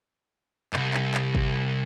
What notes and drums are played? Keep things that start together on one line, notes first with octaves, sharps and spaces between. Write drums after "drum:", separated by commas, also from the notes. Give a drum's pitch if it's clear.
C2 F#2, drum: clap
drum: clap
drum: clap
drum: kick